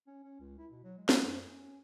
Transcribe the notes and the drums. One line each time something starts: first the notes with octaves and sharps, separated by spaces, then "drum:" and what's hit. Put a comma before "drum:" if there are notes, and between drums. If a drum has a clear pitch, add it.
C#4
C#4
C#2
E4
B2
F#3
G#3
A3, drum: snare
F#2
C#4